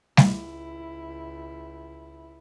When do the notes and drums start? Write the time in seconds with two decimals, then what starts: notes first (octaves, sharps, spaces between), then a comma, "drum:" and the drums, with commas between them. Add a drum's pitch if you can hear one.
0.17 C#2 E4, drum: snare G3